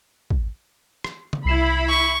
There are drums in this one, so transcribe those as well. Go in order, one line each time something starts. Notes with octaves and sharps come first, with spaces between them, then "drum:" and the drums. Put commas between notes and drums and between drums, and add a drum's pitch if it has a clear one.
drum: kick
drum: rim click
drum: tom
C2 E4 B5 C7 E7
C#6